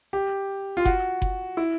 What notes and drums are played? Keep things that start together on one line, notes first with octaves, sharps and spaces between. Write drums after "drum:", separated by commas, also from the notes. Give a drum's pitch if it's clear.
G4
F4
F#4, drum: kick F#1
drum: kick F#1
E4